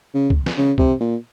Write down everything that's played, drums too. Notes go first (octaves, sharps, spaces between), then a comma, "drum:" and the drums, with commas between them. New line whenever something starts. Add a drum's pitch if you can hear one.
C#3
drum: kick C#2
drum: snare
C#3
C3, drum: kick C#2
A#2